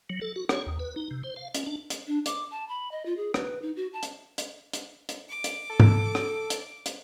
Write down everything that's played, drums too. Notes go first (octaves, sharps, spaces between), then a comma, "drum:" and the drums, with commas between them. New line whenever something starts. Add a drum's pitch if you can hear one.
F#3
A4
F#4
C#5, drum: rim click
D#2
B4
D#4
C3
C5
F5
C#4, drum: hi-hat
D4
drum: hi-hat
D4
D6, drum: hi-hat
A5
B5
D#5
F4
G#4
B4, drum: rim click
D#4
F#4
A5
drum: hi-hat
drum: hi-hat
drum: hi-hat
drum: hi-hat
D6
drum: hi-hat
A4
drum: tom G#2
drum: rim click
drum: hi-hat
drum: hi-hat